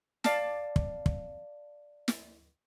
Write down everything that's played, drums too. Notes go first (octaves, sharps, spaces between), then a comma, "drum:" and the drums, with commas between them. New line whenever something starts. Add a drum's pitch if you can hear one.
D5 F5 A5, drum: snare
drum: kick
drum: kick
drum: snare